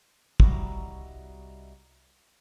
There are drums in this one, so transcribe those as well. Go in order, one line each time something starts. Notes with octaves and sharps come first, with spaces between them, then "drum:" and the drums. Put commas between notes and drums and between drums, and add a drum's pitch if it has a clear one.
C2 G3 E4 F#4 D#5 A#5, drum: kick